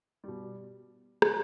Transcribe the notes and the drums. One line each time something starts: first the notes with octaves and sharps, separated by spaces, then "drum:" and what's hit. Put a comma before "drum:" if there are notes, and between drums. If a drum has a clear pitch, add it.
B2 G3
drum: rim click